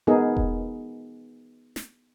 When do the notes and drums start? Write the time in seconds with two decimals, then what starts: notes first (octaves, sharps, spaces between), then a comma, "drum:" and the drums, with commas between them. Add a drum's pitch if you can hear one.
0.07 B3 D#4 G#4 A#4
0.37 drum: kick E1
1.76 drum: snare